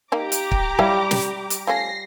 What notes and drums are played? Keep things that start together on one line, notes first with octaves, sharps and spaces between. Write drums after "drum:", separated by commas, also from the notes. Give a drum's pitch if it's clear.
A#3 D#4 G4 F5 A#5 D6
drum: hi-hat
drum: kick
G3 E4 F4 C#5
drum: snare
drum: hi-hat
F3 A3 C#4 A#6 C7